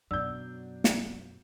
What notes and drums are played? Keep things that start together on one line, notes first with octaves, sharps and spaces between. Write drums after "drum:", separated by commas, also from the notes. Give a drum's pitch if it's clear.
F#2 B2 F#3 D4 E6 G6
drum: snare